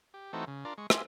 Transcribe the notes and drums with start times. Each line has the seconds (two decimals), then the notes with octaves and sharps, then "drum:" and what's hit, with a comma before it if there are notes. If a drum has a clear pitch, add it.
0.14 G4
0.33 E3 A3 C4 D#4 F#4 A4
0.47 C#3
0.65 D4 F4 A#4 D5
0.78 G#3 C#6
0.90 F4 G4 G#4 C5 D#5 E5, drum: rim click